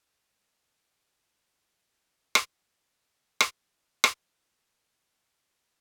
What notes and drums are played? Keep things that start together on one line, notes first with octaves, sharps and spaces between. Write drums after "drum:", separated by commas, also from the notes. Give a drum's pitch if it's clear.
D#7
F6
E5
A#4 D5
drum: rim click
drum: rim click
drum: rim click
G#6
B4
F4